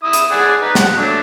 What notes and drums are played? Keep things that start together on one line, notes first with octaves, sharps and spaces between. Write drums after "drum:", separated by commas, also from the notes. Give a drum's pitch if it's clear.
E4 D#6
drum: hi-hat
G#4 D5 F#5
D#4 B4
G4 F#5, drum: snare
F#3 A3 D4